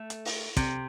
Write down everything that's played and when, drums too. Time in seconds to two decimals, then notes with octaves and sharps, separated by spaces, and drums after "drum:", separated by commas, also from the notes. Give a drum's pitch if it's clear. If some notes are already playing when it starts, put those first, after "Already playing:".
Already playing: A3
0.10 drum: hi-hat
0.25 drum: open hi-hat
0.57 C3, drum: kick, hi-hat